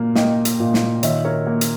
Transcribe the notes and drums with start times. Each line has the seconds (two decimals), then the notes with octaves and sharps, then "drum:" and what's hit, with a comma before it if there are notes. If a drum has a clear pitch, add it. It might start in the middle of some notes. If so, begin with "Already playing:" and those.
Already playing: A#2 A#3
0.15 A#3 D#5 G5, drum: snare
0.45 drum: hi-hat
0.60 A#2
0.74 drum: snare
1.03 D#3 C#5 E5, drum: hi-hat
1.25 A#4 C#5
1.47 A#3
1.61 drum: hi-hat